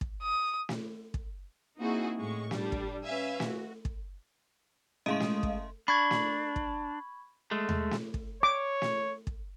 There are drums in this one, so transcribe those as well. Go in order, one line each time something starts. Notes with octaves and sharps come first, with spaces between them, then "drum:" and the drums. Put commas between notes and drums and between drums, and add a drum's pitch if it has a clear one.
drum: kick
D#6
drum: snare
drum: kick
A#3 C4 D#4 E4 F#4 G#4
A2 G#3 C#6
G3 D4, drum: snare
drum: kick
C#4 B4 E5 F5 G#5
F#4, drum: snare
drum: kick
A2 C#3 G#3 D#5 F5 C6 D#6
drum: snare
drum: kick
D4 B5 C#6 G#6
drum: snare
drum: kick
G#3 A3
drum: tom D#2
drum: snare
drum: kick
C#5 D6
drum: snare
drum: kick